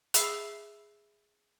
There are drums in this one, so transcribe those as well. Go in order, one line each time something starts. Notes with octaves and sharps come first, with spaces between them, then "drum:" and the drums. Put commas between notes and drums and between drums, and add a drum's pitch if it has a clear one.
G#4 E5 B5 E6 C7, drum: hi-hat